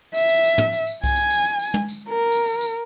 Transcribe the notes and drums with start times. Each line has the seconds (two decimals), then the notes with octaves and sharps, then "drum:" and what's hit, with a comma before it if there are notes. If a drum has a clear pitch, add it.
0.15 E5, drum: tambourine
0.29 drum: tambourine
0.43 drum: tambourine
0.58 drum: tom
0.72 drum: tambourine
0.87 drum: tambourine
1.04 G#5, drum: kick C2, tambourine
1.16 drum: tambourine
1.30 drum: tambourine
1.45 drum: tambourine
1.59 drum: tambourine
1.74 drum: tom
1.88 drum: tambourine
2.09 A#4
2.32 drum: tambourine
2.46 drum: tambourine
2.61 drum: tambourine